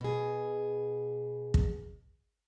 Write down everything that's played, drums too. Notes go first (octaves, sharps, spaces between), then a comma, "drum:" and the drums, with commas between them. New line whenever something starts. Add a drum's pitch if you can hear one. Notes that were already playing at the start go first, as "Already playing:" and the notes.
B2 G#4
drum: kick